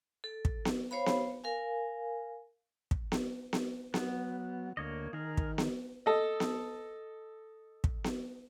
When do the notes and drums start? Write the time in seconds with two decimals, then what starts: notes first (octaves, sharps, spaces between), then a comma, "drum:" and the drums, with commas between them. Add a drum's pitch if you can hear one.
0.24 A4
0.45 drum: kick
0.65 drum: snare B3
0.91 C5 C#5 F5 B5
1.06 drum: snare B3
1.44 A#4 F5 G#5
2.91 drum: kick
3.12 drum: snare B3
3.53 drum: snare B3
3.94 F#3 B3, drum: snare B3
4.77 D2 A#3 C#5 D#5
5.13 D#3 G#4 A#4
5.37 drum: kick
5.58 drum: snare B3
6.06 A4 D#5
6.40 drum: snare B3
7.84 drum: kick
8.04 drum: snare B3